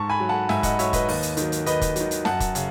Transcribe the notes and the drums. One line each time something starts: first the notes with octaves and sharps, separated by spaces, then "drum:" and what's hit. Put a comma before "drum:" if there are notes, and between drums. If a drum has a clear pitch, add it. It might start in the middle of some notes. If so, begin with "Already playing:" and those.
Already playing: G#2 A5 C#6
G#5 B5
F#3
F#5 A5
G#2 E5 G#5, drum: snare
D#5 F#5, drum: kick, hi-hat
F#3 C#5 E5, drum: hi-hat
B4 D#5, drum: kick, hi-hat
D#2, drum: open hi-hat
drum: hi-hat
D#3 F#3, drum: hi-hat
drum: hi-hat
D#2 B4 D#5, drum: hi-hat
drum: kick, hi-hat
D#3 F#3, drum: hi-hat
drum: hi-hat
F#2 F#5 A5, drum: snare
drum: kick, hi-hat
C#3, drum: hi-hat